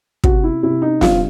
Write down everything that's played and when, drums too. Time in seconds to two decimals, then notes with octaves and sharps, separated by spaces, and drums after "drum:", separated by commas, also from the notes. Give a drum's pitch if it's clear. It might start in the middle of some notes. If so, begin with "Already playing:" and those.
0.24 C3 F#4, drum: kick
0.44 E4
0.63 C3 E4
0.82 D#4
1.01 G1 F4, drum: snare